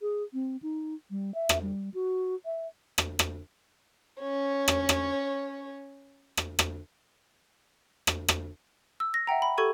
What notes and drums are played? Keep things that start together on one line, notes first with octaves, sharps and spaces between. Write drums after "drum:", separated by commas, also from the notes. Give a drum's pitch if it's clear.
G#4
C4
D#4
G3
E5
drum: rim click
G3
F#4
E5
drum: rim click
drum: rim click
C#4 C#5
drum: rim click
drum: rim click
drum: rim click
drum: rim click
drum: rim click
drum: rim click
E6
A#6
E5 F#5 G5 A#5
B5
G4 A4 C#6 G#6 D#7